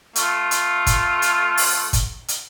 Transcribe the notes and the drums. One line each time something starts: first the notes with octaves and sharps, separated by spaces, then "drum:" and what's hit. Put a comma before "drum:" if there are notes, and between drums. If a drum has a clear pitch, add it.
A3 F4, drum: hi-hat
drum: hi-hat
drum: kick, hi-hat
drum: hi-hat
drum: open hi-hat
drum: kick, hi-hat
drum: hi-hat